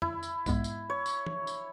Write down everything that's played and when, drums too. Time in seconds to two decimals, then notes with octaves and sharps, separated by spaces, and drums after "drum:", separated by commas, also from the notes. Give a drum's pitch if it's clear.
0.02 E4, drum: tom
0.23 drum: tambourine
0.46 G#2 G#3 B3, drum: kick B1, tambourine
0.64 drum: tambourine
0.90 C#5
1.06 drum: tambourine
1.26 drum: tom E3
1.47 drum: tambourine